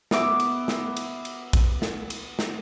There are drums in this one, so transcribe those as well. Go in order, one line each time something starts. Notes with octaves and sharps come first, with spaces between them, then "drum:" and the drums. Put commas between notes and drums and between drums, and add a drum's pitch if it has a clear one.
B3 E5 D6, drum: snare
drum: cymbal
drum: snare
drum: cymbal
drum: cymbal
drum: kick, cymbal
drum: snare
drum: cymbal
drum: snare